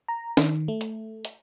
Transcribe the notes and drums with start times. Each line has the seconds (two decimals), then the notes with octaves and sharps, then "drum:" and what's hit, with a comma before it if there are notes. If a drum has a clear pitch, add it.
0.08 A#5
0.37 D#3, drum: snare
0.68 A3
0.81 drum: hi-hat
1.25 drum: hi-hat